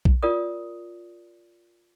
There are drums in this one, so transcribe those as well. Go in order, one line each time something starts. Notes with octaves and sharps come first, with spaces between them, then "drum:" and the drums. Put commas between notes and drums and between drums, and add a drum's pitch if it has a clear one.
drum: kick
F4 A#4 D5 D#6